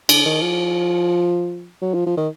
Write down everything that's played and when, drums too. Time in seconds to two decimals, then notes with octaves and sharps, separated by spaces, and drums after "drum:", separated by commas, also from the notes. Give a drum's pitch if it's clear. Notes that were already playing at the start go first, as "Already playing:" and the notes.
0.09 D3, drum: cymbal
0.26 D#3
0.41 F3
1.82 F#3
1.94 F3
2.06 F3
2.17 D#3